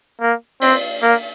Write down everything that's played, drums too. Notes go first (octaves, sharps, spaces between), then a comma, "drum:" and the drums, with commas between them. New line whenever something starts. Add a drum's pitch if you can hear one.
A#3
C4, drum: cymbal
A#3